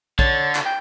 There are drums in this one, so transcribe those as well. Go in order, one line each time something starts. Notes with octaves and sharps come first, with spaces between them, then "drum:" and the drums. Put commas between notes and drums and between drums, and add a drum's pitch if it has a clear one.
D3 C#5 A6, drum: kick A#1
drum: clap
G5